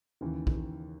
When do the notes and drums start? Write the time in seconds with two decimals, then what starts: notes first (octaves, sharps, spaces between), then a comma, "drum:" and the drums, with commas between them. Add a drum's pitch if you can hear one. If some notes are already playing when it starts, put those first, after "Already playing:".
0.21 D#2 C#3 E3
0.47 drum: kick